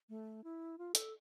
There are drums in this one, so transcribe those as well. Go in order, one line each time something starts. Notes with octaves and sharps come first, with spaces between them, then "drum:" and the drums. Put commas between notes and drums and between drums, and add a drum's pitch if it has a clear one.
A3
E4
F4
A4, drum: hi-hat